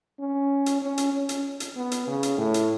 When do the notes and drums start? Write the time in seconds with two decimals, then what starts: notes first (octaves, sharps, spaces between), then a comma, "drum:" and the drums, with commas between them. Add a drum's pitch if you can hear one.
0.19 C#4
0.66 drum: hi-hat
0.81 C#4
0.98 drum: hi-hat
1.13 C#4
1.29 drum: hi-hat
1.60 drum: hi-hat
1.76 B3
1.92 drum: hi-hat
2.07 C#3
2.23 drum: hi-hat
2.38 A2
2.54 drum: hi-hat